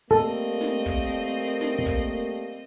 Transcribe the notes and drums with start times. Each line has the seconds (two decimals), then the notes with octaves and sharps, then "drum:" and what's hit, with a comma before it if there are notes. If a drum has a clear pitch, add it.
0.11 G3 A3 A#3 C4 A4 D#5
0.61 drum: snare
0.86 drum: kick
1.61 drum: snare
1.86 drum: kick